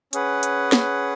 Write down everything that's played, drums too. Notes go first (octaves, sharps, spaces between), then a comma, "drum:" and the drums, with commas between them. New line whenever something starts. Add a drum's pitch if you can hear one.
C#4 G#4 B4 F#5, drum: hi-hat
drum: hi-hat
drum: snare